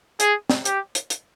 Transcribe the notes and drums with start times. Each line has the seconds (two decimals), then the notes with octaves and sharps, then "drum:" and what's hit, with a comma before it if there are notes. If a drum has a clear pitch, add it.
0.20 G#4, drum: hi-hat
0.50 drum: snare
0.65 G4, drum: hi-hat
0.95 drum: hi-hat
1.10 drum: hi-hat